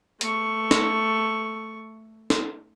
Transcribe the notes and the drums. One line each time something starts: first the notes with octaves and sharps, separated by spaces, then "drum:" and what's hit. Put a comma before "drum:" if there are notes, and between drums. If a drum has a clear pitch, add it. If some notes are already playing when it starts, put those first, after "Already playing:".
A3 C#6, drum: hi-hat
drum: snare
drum: snare